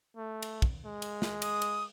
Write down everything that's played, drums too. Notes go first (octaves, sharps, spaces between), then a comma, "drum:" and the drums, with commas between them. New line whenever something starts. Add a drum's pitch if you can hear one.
A3
drum: cymbal
drum: kick
G#3
drum: cymbal
drum: snare
D#6, drum: cymbal
drum: cymbal